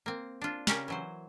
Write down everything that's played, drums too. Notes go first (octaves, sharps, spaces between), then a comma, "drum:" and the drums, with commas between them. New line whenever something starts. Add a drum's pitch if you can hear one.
A#3 C4
D4 F4
C#3 C#4 G4 A#4, drum: snare
E3 F#3 C5